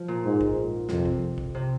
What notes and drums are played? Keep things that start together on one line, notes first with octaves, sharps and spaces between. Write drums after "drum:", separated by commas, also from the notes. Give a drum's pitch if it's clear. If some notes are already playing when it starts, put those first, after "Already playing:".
Already playing: F3
A#2
G#2
drum: kick A#1
F2 C3, drum: snare
drum: kick A#1
drum: kick A#1
C3